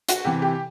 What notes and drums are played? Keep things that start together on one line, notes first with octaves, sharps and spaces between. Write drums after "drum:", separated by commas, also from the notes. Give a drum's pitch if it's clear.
F#4, drum: hi-hat
C3 E3 G4
G4